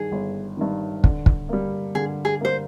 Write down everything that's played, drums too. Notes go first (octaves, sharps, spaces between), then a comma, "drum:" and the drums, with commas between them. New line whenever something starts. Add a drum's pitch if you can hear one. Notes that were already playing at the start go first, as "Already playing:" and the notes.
Already playing: G2 D#3 G#4
G1
G2 D#3
D3, drum: kick
drum: kick
G3 A#3
D3 G#4
G#4
G3 A#3 C5